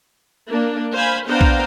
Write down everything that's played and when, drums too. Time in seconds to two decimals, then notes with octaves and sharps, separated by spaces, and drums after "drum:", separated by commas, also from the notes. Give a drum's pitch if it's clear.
0.49 A#3 D4
0.94 C5 F5 G#5 B5
1.26 B3 D4 C5 F5 G5 A#5
1.41 drum: kick A#1